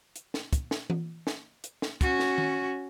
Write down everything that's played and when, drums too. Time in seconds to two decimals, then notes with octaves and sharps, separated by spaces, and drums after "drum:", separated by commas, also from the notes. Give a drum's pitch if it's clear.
0.16 drum: hi-hat
0.34 drum: snare
0.53 drum: kick, hi-hat
0.71 drum: snare
0.90 drum: tom E3
1.27 drum: snare
1.64 drum: hi-hat
1.82 drum: snare
2.01 C#4 F#4, drum: kick, hi-hat
2.19 drum: snare
2.38 drum: tom D#3